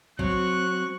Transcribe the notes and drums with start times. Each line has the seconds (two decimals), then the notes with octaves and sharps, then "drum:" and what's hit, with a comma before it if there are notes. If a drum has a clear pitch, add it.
0.19 F#3 C4 C#6 F#6, drum: kick B1